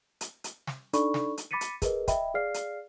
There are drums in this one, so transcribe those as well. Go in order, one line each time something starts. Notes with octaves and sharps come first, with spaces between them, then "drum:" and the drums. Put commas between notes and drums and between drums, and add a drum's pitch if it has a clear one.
drum: hi-hat
drum: hi-hat
drum: snare
D4 D#4 A4 D5 B5 C#6, drum: hi-hat
drum: snare
drum: hi-hat
B5 D6 A6 B6 C#7 D#7
drum: hi-hat
G#4 A#4 B4 D#5, drum: kick, hi-hat
D#5 E5 G5 B5, drum: kick, hi-hat
G#4 D5 F5 F6 C7
drum: hi-hat